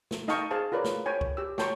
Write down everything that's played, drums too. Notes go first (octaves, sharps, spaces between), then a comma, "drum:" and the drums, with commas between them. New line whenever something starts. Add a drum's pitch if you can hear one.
drum: snare
D#4 D#5 F5 G5 A5 C#6, drum: snare
G#4 C5 F5 G#5 A5
F4 A#4 B4 C#5 D5
drum: snare
C5 C#5 G5 G#5
drum: kick
G4 E6
C#5 G5 A5 A#5 C6 C#6, drum: snare